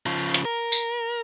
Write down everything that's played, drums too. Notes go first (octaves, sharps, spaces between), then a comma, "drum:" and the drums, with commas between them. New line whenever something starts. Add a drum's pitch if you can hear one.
C#3 F3
drum: hi-hat
A#4
drum: tambourine